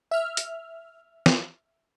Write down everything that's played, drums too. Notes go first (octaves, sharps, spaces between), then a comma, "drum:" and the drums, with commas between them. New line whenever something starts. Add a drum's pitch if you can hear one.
E5 F6
drum: hi-hat
drum: snare